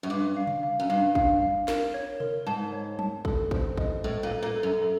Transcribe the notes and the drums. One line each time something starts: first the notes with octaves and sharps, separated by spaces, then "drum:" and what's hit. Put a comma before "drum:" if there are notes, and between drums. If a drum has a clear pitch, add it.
F#2
G2 D6
F5
drum: tom C3
F5
F#2
G2 F5
F5, drum: kick
F5
A#4, drum: snare
C#5
A#4, drum: tom C3
G#2 A5
C#5
A5, drum: tom
A4, drum: kick
C5, drum: kick
D#5, drum: kick
A2 A4
A#2
A4
A#2
A4
F#2
A4